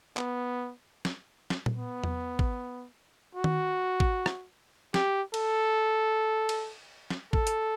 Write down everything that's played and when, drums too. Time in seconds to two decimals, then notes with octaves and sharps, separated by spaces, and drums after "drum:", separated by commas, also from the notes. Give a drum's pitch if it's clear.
0.17 B3, drum: clap
1.05 drum: snare
1.50 drum: snare
1.66 drum: tom A#2
1.76 B3
2.04 drum: tom E2
2.39 drum: kick
3.35 F#4
3.44 drum: tom D#3
4.00 drum: kick
4.26 drum: rim click
4.94 G4, drum: snare
5.34 A4, drum: cymbal
6.49 drum: cymbal
7.10 drum: snare
7.33 A4, drum: kick
7.47 drum: hi-hat